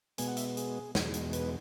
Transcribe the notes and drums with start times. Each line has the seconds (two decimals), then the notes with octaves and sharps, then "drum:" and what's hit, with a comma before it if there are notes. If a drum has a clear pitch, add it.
0.18 B2 G#3 B3 G#5, drum: hi-hat
0.28 F#5
0.37 E5, drum: hi-hat
0.57 G#4, drum: hi-hat
0.95 E2 B2 G#3, drum: snare
1.14 drum: hi-hat
1.33 B4, drum: hi-hat